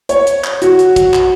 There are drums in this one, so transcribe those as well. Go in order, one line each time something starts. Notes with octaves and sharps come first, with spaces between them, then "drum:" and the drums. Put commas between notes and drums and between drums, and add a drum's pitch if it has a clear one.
C#5, drum: hi-hat
drum: hi-hat
drum: clap
F#4, drum: hi-hat
drum: hi-hat
drum: kick, hi-hat
drum: clap